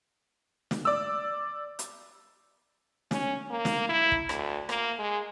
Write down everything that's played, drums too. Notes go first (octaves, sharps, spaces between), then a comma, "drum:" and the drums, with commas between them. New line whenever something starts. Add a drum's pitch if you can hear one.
drum: snare
D5 D6 E6
drum: hi-hat
C#4, drum: snare
A#3
drum: snare
E4
drum: kick
D2, drum: rim click
A#3, drum: rim click
G#3